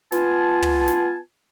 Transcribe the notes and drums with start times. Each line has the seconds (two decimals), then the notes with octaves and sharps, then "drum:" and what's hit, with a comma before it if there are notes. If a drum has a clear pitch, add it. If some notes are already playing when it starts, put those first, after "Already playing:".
0.12 B3 F4 G#5 A5, drum: snare
0.62 drum: tom
0.88 drum: snare